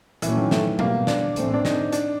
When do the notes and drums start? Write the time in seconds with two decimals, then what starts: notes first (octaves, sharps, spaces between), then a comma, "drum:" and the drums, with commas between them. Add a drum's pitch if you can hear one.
0.22 A#2 E3 F#3 A3 C#4, drum: hi-hat
0.37 D#3
0.51 A3, drum: snare
0.79 B2 G3 A#3 B3, drum: tom F#3
1.07 D4, drum: snare
1.36 A2 E3 A3 C4, drum: hi-hat
1.54 D4
1.65 D#4, drum: snare
1.92 D4, drum: hi-hat